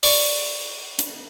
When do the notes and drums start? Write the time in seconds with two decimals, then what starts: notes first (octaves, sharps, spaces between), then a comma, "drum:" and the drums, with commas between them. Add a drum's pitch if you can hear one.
0.03 D5 C#6, drum: open hi-hat
0.99 drum: hi-hat